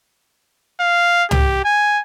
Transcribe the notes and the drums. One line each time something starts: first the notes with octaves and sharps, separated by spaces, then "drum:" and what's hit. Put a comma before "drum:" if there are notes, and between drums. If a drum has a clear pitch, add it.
F5
G4, drum: tom
G#5